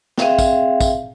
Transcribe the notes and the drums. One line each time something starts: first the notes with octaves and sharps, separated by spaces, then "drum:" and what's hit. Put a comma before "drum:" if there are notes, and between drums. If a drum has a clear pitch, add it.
C4 G#4 E5 F5 G5, drum: snare
drum: kick, tambourine
drum: kick, tambourine